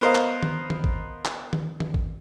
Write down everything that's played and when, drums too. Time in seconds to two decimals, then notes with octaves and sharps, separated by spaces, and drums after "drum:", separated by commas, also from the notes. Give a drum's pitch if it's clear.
0.01 B3 A#4 C5 D#5 F5 A#5
0.15 drum: clap
0.43 drum: tom D#3
0.70 drum: tom D#3
0.84 drum: kick G#1
1.25 drum: clap
1.53 drum: tom D#3
1.80 drum: tom D#3
1.94 drum: kick G#1